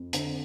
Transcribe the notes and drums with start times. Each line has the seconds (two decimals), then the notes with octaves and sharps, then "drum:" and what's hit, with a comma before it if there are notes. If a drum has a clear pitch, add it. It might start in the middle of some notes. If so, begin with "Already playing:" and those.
Already playing: F2
0.13 D3 C4, drum: hi-hat